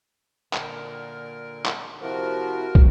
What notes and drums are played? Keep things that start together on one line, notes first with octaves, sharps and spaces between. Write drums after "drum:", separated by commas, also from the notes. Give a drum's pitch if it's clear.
A#2 D3 A#4, drum: clap
drum: clap
C3 F3 E4 F#4 A#4
drum: kick